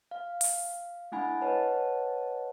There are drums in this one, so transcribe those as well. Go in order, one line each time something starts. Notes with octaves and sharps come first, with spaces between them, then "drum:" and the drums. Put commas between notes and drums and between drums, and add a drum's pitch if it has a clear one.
F5
drum: open hi-hat
A3 D4 E4 F#5 G#5 B5
B4 C#5 D#5 F#5 A5